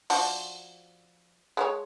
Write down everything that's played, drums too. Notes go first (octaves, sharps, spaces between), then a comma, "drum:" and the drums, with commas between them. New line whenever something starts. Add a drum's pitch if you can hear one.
F3 D4 F#4, drum: open hi-hat
G#3 G#4 C#5